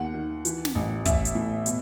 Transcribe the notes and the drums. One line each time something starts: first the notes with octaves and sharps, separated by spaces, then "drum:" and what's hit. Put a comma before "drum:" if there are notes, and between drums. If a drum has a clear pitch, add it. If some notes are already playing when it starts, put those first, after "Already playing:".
Already playing: D#2 F#5
D#3
E3, drum: hi-hat
drum: snare
A1
A1 E5, drum: kick, hi-hat
drum: hi-hat
A2
B2, drum: hi-hat